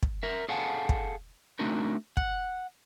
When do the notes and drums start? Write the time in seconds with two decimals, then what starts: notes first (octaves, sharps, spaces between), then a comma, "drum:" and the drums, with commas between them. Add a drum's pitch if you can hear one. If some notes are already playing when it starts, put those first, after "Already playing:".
0.03 drum: kick
0.23 A#4 E5
0.49 G#4 A4 F5 F#5 G#5 A5
0.89 drum: kick
1.59 A3 C4 D4 D#4 F#4 A#4
2.17 F#5, drum: kick